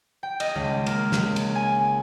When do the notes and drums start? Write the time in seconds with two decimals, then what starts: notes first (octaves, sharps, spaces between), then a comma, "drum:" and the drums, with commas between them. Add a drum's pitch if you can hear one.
0.23 G5
0.40 D#5, drum: cymbal
0.55 C#2
0.86 A#3, drum: cymbal
1.12 drum: snare
1.36 drum: cymbal
1.55 G#5